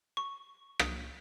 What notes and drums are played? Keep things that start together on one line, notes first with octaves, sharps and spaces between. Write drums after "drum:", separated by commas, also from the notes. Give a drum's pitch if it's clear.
C#6
D#6, drum: rim click